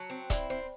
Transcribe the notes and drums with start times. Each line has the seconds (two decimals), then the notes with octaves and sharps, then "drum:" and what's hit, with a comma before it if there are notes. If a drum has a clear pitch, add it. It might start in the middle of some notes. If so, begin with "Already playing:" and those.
Already playing: F#3 A5
0.10 C4
0.30 E4 D5, drum: kick, hi-hat
0.50 C4 C5